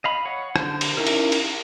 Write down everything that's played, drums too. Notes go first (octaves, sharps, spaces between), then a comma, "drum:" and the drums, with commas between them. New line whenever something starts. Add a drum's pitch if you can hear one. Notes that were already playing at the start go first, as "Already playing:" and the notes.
D#5 F5 B5
C#5 F#5
D3 C5, drum: rim click
drum: cymbal
C#4 D#4 E4 A#4
drum: cymbal
drum: cymbal